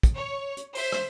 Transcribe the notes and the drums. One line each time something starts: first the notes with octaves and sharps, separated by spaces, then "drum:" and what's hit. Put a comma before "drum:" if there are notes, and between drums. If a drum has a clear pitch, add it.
drum: kick, hi-hat
C#5
drum: hi-hat
C5 E5, drum: open hi-hat
drum: rim click